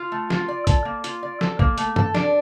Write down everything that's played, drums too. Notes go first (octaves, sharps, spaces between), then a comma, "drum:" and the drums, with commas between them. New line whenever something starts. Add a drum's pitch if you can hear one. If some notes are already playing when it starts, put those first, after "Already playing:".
Already playing: F4
A3
F4, drum: snare
D5
A4, drum: kick, hi-hat
A#3
F4, drum: hi-hat
D5
A4, drum: snare
A#3, drum: kick
A3, drum: hi-hat
A4, drum: tom
D4, drum: snare